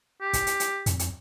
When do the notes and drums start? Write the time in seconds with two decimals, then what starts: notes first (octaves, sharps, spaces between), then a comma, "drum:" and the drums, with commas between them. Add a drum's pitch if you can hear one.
0.21 G4
0.33 drum: kick, hi-hat
0.47 drum: hi-hat
0.60 drum: hi-hat
0.86 F2, drum: hi-hat
0.99 drum: hi-hat